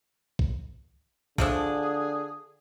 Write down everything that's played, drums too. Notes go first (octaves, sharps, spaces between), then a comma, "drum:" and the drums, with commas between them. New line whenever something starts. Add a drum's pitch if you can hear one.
drum: kick
D3 F3 A3 D4 G#4, drum: kick